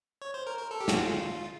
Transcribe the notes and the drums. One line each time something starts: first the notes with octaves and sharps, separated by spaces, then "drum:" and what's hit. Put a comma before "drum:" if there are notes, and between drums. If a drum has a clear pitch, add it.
C#5
C5
A#4
A#4
A4
G4
F#4, drum: snare
F4